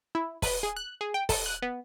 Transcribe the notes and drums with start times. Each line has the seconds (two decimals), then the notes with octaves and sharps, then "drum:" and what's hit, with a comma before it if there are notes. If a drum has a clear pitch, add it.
0.15 E4
0.42 B4, drum: kick, open hi-hat
0.63 G#4
0.76 F#6
1.01 G#4
1.14 G5
1.29 A4, drum: kick, open hi-hat
1.46 F#6
1.62 B3